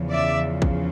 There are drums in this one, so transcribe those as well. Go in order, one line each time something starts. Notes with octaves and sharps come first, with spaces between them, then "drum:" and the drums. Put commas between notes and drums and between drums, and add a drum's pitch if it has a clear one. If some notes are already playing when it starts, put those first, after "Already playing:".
Already playing: E2 C#3 F3
D5 E5
drum: kick